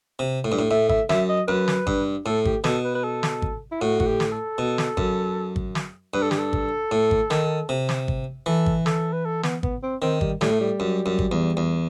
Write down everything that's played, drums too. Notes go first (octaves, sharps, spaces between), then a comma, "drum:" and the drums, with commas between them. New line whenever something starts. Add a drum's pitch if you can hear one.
C3
A2
G2
A2
A2 E5
E5, drum: kick
F#2 E5, drum: snare
D#5
F#2 B4
drum: snare
G2, drum: kick
A2 A4
G4, drum: kick
B2 A4, drum: snare
B4
B4
A4
drum: snare
drum: kick
E4
A2 F#4
F#4, drum: kick
G4
drum: snare
A4
B2
drum: snare
F#2, drum: kick
drum: kick
drum: snare
G2 B4
A4
G4, drum: snare
A4
drum: kick
A2
drum: kick
D#3, drum: snare
C3
drum: snare
drum: kick
E3 A4
drum: kick
A4, drum: snare
B4
A4
B3, drum: snare
B3, drum: kick
C4
D#3 C4
G3, drum: kick
A2 G3, drum: snare
A3
G3
F#2
F#2
drum: kick
E2
E2